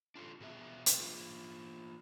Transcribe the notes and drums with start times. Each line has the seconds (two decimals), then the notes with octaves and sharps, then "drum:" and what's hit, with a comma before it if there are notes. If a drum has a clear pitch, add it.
0.15 D4 F4 G4 A4
0.40 B2 G#4 E5
0.86 drum: hi-hat
0.99 A#3 F4 G#4